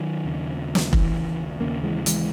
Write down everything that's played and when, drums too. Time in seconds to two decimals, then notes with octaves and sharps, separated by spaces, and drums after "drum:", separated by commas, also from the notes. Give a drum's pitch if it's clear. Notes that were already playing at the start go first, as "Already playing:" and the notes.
Already playing: D#3 F#3
0.25 D#2 C#3
0.75 drum: snare
0.93 E3, drum: kick
1.61 D#2 C#3 A#3 C#4
1.83 E3 G#3
2.06 E3 G#3, drum: hi-hat